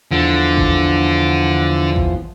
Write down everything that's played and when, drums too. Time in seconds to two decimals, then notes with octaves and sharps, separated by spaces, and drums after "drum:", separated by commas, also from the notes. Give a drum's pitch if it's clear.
0.11 E2 D3 F3
0.57 drum: kick A1
1.96 drum: kick A1